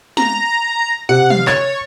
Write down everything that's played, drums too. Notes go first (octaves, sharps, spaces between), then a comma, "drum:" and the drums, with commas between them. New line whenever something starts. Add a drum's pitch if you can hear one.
A#5, drum: snare
C3 F#5
F5, drum: tom
C#5 A6, drum: clap